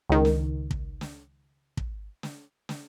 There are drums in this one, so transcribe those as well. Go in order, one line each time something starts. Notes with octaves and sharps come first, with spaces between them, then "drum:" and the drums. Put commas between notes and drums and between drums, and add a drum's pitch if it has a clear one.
C#2 D#3
drum: snare
drum: kick
drum: snare
drum: kick
drum: snare
drum: snare